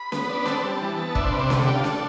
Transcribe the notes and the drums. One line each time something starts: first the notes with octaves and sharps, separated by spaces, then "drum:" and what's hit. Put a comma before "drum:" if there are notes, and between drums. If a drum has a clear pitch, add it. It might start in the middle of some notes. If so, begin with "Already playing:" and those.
Already playing: B5
B3, drum: snare C#4
D4
C4 A5, drum: snare C#4
G3
E3
B3
D4 E5, drum: kick
C5
C3 B4
C5
D3 B4, drum: snare C#4
A4
D4 G4
F4
D4 A4, drum: snare C#4